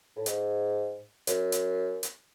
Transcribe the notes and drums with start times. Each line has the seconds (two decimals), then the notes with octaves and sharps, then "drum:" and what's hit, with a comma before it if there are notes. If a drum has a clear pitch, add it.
0.16 A2
0.26 G#2, drum: hi-hat
1.27 F#2, drum: hi-hat
1.52 drum: hi-hat
2.03 drum: hi-hat